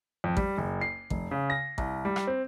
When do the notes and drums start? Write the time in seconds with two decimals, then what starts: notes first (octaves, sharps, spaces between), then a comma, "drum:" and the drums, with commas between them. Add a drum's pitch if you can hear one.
0.24 F2
0.37 G3, drum: kick A1
0.58 F#1
0.81 C7
1.10 F1, drum: kick A1
1.31 C#3
1.50 A#6
1.78 C2, drum: kick A1
2.05 G3
2.16 drum: rim click
2.27 C4